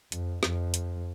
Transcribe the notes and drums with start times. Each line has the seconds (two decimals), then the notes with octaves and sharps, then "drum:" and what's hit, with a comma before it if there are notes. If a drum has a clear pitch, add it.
0.12 F2, drum: hi-hat
0.43 F2, drum: snare
0.74 drum: hi-hat